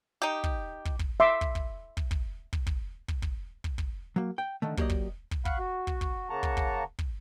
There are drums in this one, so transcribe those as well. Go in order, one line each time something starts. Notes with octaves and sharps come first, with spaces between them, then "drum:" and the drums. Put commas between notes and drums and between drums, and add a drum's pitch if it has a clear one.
D#4 G4
drum: kick
drum: kick
drum: kick
E5 C6 D6
drum: kick
drum: kick
drum: kick
drum: kick
drum: kick
drum: kick
drum: kick
drum: kick
drum: kick
drum: kick
F#3 A#3
G5
D3 D#3 A3
F#3 A#3 G4 D5 D#5, drum: kick
drum: kick
drum: kick
F5 F#5 B5 C#6 F#6, drum: kick
F#4
drum: kick
drum: kick
C#3 A#3 F#5 A5 A#5 C#6
drum: kick
drum: kick
drum: kick